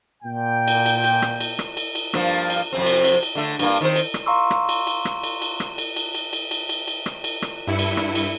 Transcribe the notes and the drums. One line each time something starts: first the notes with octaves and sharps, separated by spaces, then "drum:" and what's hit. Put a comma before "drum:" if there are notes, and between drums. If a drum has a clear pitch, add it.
A#2 G5
drum: cymbal
drum: cymbal
drum: cymbal
drum: rim click
drum: cymbal
drum: rim click
drum: cymbal
drum: cymbal
G2 F3 A#3, drum: rim click
drum: cymbal
F2 C3 C4
drum: cymbal
drum: cymbal
drum: cymbal
D3 A3
G2 A#3, drum: cymbal
D#3 C4 C5
drum: cymbal
drum: rim click
F5 A#5 C6 C#6 E6
drum: rim click
drum: cymbal
drum: cymbal
drum: rim click
drum: cymbal
drum: cymbal
drum: rim click
drum: cymbal
drum: cymbal
drum: cymbal
drum: cymbal
drum: cymbal
drum: cymbal
drum: cymbal
drum: rim click
drum: cymbal
drum: rim click
G2 E4 C#7
drum: cymbal
drum: rim click
drum: cymbal